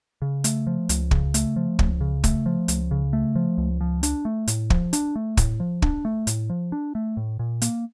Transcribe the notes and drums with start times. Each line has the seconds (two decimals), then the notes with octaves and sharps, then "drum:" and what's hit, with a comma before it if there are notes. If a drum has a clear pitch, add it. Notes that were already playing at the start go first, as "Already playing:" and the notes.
0.22 C#3
0.44 A3, drum: hi-hat
0.67 F3
0.89 C#2, drum: hi-hat
1.11 C#3, drum: kick
1.34 A3, drum: hi-hat
1.56 F3
1.79 C#2, drum: kick
2.01 C#3
2.24 A3, drum: kick, hi-hat
2.46 F3
2.68 C#2, drum: hi-hat
2.91 C#3
3.13 A3
3.36 F3
3.58 C#2
3.81 F3
4.03 D4, drum: hi-hat
4.25 A3
4.48 A2, drum: hi-hat
4.70 F3, drum: kick
4.93 D4, drum: hi-hat
5.15 A3
5.37 A2, drum: kick, hi-hat
5.60 F3
5.82 D4, drum: kick
6.05 A3
6.27 A2, drum: hi-hat
6.50 F3
6.72 D4
6.95 A3
7.17 A2
7.39 A#2
7.62 A#3, drum: hi-hat